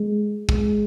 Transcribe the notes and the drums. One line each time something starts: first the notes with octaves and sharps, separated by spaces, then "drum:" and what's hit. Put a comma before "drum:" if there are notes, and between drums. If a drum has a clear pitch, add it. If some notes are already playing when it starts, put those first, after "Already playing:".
Already playing: G#3
G#3, drum: kick